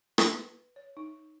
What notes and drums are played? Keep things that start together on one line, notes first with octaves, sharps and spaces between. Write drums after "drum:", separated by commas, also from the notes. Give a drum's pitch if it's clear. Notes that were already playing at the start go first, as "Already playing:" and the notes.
B4, drum: rim click
C#5
D#4